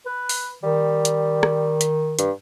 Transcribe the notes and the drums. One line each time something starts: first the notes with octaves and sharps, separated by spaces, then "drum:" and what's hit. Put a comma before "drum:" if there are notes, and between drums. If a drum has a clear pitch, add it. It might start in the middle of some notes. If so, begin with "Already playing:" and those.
B4
drum: open hi-hat
D#3 G3
drum: hi-hat
drum: rim click
drum: hi-hat
G2, drum: hi-hat